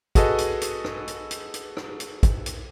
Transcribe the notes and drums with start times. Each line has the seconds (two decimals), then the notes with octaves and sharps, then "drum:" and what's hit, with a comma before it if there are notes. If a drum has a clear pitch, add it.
0.15 F#4 G#4 A4 B4 D#5, drum: kick, hi-hat
0.38 drum: hi-hat
0.61 drum: hi-hat
0.85 drum: rim click
1.08 drum: hi-hat
1.31 drum: hi-hat
1.54 drum: hi-hat
1.77 drum: rim click
2.00 drum: hi-hat
2.23 drum: kick, hi-hat
2.46 drum: hi-hat